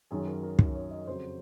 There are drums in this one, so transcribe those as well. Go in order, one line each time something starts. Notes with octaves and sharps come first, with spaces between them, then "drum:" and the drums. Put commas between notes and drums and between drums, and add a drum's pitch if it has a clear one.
F#2 D#3 F#3 G#4
A#4
A#4
F#2 D#3 F#3 A#4, drum: kick
C#5
D#5
F2 C#3 F#3 C5